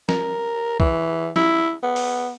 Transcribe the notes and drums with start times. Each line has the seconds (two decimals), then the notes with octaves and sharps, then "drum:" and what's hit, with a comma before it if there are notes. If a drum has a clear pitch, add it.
0.09 A#4, drum: snare
0.80 E3, drum: kick
1.36 E4, drum: snare
1.83 B3
1.96 drum: open hi-hat